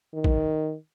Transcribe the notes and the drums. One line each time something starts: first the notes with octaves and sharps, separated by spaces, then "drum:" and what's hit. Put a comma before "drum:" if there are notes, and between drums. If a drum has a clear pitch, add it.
D#3
drum: kick